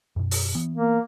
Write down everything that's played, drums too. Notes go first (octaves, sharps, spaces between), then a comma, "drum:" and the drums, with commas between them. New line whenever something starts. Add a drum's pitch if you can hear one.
F#2 B2
drum: open hi-hat
E3 B3
A#3